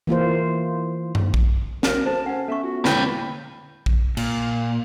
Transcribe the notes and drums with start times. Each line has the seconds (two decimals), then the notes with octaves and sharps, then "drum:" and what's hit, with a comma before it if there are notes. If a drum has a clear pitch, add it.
0.07 E3 A#3 F4 C5
1.15 drum: tom G2
1.34 drum: kick A#1
1.83 F#4 A#4 F5, drum: snare
2.06 A4 C5 A5
2.26 C#4 F#5
2.48 B3 C#4 A4 E5 C#6
2.64 F4 F#4
2.85 D3 A#3 E4 B4 C#5 G5, drum: snare
3.86 drum: kick A#1
4.17 A#2, drum: cymbal